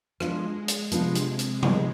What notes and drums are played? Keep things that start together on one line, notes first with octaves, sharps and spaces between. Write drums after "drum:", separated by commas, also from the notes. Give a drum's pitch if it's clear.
F3 G#3 B3 D4 F4, drum: rim click
drum: hi-hat
C3 F3 B3 D4 F4, drum: hi-hat
drum: hi-hat
drum: hi-hat
F3 G#3 B3, drum: tom C3